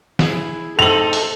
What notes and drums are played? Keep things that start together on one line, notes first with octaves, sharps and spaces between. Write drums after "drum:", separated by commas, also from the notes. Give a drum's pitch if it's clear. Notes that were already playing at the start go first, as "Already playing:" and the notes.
E4 G#4, drum: snare
A3 C4 D#4 A4 F7 F#7
drum: open hi-hat